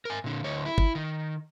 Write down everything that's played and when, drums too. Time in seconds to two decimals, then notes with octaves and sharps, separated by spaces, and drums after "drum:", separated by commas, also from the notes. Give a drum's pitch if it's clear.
0.05 A#4 G#5
0.24 A#2 D3
0.44 D2 C#5
0.65 E4
0.78 drum: kick
0.95 D#3